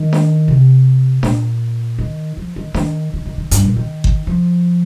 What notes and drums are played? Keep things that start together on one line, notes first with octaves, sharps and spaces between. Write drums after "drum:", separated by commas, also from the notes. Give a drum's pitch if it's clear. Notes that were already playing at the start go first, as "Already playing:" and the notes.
Already playing: D#3
drum: snare D4
C3
A#2, drum: snare D4
D#3
F3
D#3
D#3, drum: snare D4
D#3
D#3
D#3
G2, drum: hi-hat
A#2
D#3
drum: kick G1
F3